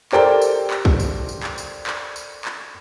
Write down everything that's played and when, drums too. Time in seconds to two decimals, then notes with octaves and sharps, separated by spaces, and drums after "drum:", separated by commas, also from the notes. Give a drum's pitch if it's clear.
0.12 G4 A4 A#4 C5 D5 G5, drum: clap
0.41 drum: tambourine
0.71 drum: clap
0.85 drum: kick
1.00 drum: tambourine
1.29 drum: tambourine
1.43 drum: clap
1.58 drum: tambourine
1.87 drum: clap
2.16 drum: tambourine
2.45 drum: clap